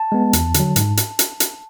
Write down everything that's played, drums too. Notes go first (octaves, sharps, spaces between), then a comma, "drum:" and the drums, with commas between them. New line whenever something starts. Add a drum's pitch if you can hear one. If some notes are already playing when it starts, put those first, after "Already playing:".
Already playing: A5
G#3 B3
E2, drum: hi-hat
D3, drum: hi-hat
F#3
G#2, drum: hi-hat
drum: hi-hat
drum: hi-hat
drum: hi-hat